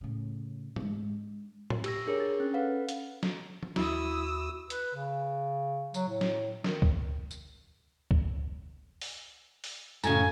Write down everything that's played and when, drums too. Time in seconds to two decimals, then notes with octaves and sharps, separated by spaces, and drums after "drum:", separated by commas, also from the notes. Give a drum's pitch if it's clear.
0.01 A2 C#3
0.76 G#3 D4, drum: tom G#2
1.70 drum: tom
1.84 G4 E6 A#6, drum: cymbal
2.07 D4 G#4 A#4 C#5
2.20 A6
2.40 C#4
2.54 A4 B4 F5 F#5
2.89 drum: hi-hat
3.23 drum: snare
3.63 drum: tom E3
3.76 D#2 E4 F#4 D#6 E6, drum: snare
4.70 B4, drum: hi-hat
4.95 C#3
5.94 F#3, drum: tambourine
6.08 A2
6.21 drum: snare
6.64 D#3, drum: snare
6.82 drum: kick C#2
7.31 drum: tambourine
8.11 drum: kick C#2
9.01 drum: open hi-hat
9.64 drum: open hi-hat
10.04 F#2 A2 C#3 A4 G#5, drum: tambourine